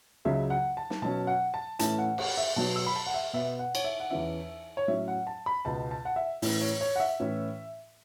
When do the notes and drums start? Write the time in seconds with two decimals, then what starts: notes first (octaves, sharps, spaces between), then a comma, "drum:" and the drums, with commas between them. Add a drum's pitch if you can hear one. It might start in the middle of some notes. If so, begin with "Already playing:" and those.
0.25 C#2 C#3 F#3 E5
0.50 F#5
0.77 A5
0.90 drum: snare
1.02 B2 F#3 C#4 A5
1.27 F#5
1.54 A5
1.79 A2 E3 A3 C#4 A5, drum: hi-hat
1.99 F#5
2.18 F#5, drum: cymbal
2.37 E5
2.56 B2 F#3 B3 A5
2.76 E6
2.86 B5
2.96 A5
3.07 F#5
3.14 E5
3.33 B2 B3 E5
3.59 F#5
3.75 C#5, drum: cymbal
3.84 E5
4.00 F#5
4.10 E2 E3 C#4 E5
4.77 C#5
4.88 A2 F#3 C#4 E5
5.08 F#5
5.27 A5
5.46 B5
5.65 C#2 B2 B3 A5
5.91 A5
6.05 F#5
6.16 E5
6.42 A2 E3 C#4, drum: open hi-hat
6.61 C#5
6.81 C#5
6.96 F#5
7.00 E5
7.20 A2 E3 C#4